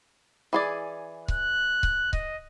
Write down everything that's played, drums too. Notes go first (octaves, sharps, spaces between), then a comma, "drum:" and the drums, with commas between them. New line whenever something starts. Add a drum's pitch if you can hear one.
E3 G#4 D5
F#6, drum: kick C#1
drum: kick C#1
D#5, drum: kick C#1